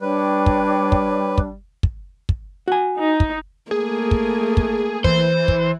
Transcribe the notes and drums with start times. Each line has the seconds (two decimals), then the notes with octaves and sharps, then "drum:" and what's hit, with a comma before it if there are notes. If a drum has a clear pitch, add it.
0.01 G3 D4 B4 C#5 G5 D6
0.46 drum: kick
0.92 drum: kick
1.38 drum: kick
1.83 drum: kick
2.29 drum: kick
2.68 F#4 G#5
2.98 D#4
3.20 drum: kick
3.71 A3 A#3 G#4
4.11 drum: kick
4.57 drum: kick
5.04 E3 C5, drum: kick
5.48 drum: kick